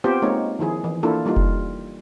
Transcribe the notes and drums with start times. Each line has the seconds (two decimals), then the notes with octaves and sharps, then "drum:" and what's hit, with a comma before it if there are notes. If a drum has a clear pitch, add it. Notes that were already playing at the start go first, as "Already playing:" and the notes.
0.04 B3 C4 F4 G4 C5
0.22 G#3 A#3 C4 D#4 C#5
0.59 D#3 F3 E4 G#4
0.84 E3
1.03 A#3 D4 E4 F4 A4
1.26 G3 A#3 D#4 F4
1.37 drum: kick F1